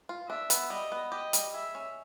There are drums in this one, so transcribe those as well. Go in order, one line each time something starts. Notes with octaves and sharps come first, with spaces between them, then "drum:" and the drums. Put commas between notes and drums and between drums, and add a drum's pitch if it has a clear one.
F4
D4 E5
B3, drum: hi-hat
G3 D#5
B3
G4 D#5
G3, drum: hi-hat
G#4 E5
C#4